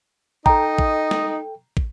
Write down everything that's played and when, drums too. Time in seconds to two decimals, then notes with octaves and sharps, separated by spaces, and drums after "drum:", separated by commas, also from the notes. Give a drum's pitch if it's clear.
0.46 D#4 A4 D#5 G5 A#5, drum: kick
0.78 drum: kick
1.11 drum: snare
1.77 drum: kick